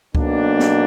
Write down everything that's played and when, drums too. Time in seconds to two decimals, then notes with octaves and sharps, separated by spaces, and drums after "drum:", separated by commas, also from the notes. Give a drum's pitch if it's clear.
0.15 B1 B2 A#3 D4, drum: kick C#2
0.60 drum: snare